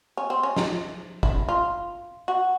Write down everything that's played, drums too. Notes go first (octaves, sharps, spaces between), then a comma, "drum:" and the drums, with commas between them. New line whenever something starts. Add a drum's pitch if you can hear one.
C#4
C4
C#4
D#4, drum: snare
E4, drum: kick
F4
F#4